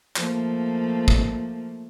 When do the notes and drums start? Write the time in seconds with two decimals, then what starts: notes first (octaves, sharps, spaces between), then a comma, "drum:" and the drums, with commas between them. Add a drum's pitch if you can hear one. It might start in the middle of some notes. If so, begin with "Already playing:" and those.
0.16 F3 A3 A#3, drum: clap
1.08 drum: kick